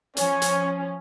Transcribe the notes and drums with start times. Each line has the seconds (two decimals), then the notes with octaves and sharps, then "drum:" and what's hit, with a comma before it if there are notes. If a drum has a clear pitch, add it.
0.17 F3 C#4 C#5, drum: hi-hat
0.42 drum: hi-hat